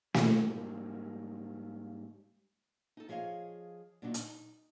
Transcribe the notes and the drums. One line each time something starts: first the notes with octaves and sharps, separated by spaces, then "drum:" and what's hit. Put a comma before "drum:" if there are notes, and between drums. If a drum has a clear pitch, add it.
G#2 G3 A#3, drum: snare
D#4 A4
F3 G#4 C#5 D#5 F5
A#2 D3 F#3 D4 D#4
D#4, drum: hi-hat